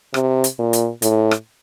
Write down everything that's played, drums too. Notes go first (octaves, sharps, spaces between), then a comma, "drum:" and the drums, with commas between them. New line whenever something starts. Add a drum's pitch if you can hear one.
C3, drum: rim click
drum: hi-hat
A#2
drum: hi-hat
A2, drum: hi-hat
drum: rim click